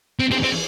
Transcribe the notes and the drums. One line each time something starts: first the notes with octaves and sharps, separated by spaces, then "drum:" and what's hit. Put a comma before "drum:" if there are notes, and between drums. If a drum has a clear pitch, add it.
C4
C4, drum: cymbal
C4